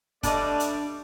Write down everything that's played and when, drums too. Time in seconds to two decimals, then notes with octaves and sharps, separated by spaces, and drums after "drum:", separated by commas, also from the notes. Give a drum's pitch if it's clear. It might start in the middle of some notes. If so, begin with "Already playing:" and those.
0.23 G3 A3 D4 D5 D#5, drum: kick, hi-hat
0.60 drum: hi-hat